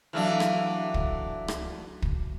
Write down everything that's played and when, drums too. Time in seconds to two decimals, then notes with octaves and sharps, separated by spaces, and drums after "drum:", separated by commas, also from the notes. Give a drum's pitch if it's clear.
0.13 E3 F#3 A3 D4 F4 F6
0.40 drum: rim click
0.94 drum: kick
1.48 drum: rim click
2.02 drum: kick